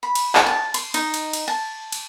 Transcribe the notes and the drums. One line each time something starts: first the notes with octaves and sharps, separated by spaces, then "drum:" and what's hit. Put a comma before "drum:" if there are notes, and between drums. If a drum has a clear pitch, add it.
B5
drum: cymbal
drum: clap
A5
C6, drum: cymbal
D#4, drum: cymbal
drum: cymbal
drum: cymbal
A5
drum: cymbal